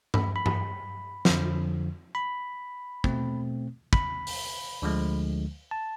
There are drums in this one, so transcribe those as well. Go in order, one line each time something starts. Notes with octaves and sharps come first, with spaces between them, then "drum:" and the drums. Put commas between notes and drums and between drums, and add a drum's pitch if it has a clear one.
B5, drum: tom G2
B5
drum: tom G2
F2 D3 F3, drum: snare
B5
B2 A3 C4, drum: kick
B5, drum: kick
drum: open hi-hat
D2 D3 F3 G#3
A5